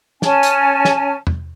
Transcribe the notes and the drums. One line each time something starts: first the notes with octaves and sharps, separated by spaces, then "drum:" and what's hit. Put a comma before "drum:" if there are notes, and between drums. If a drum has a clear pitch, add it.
C#4 G#5 A5, drum: snare
drum: hi-hat
drum: snare
drum: tom E2